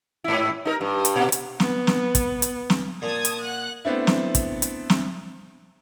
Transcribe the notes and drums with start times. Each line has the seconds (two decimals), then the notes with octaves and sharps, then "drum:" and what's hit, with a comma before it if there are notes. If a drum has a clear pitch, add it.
0.24 G#2 E4
0.65 D#4 A4 A#4
0.81 G2
1.05 drum: hi-hat
1.16 A#2
1.32 drum: hi-hat
1.60 B3, drum: snare
1.87 drum: snare
2.15 drum: kick, hi-hat
2.42 drum: hi-hat
2.70 drum: snare
3.02 A#2 A5 D#6 G#6
3.25 drum: hi-hat
3.44 F#5 F#6
3.85 A3 B3 C4 D4 E4
4.07 drum: snare
4.35 drum: kick, hi-hat
4.62 drum: hi-hat
4.90 drum: snare